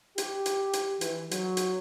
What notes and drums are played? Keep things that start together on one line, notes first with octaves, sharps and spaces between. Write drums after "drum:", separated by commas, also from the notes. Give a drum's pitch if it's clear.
G4, drum: hi-hat
drum: hi-hat
drum: hi-hat
E3, drum: hi-hat
F#3, drum: hi-hat
drum: hi-hat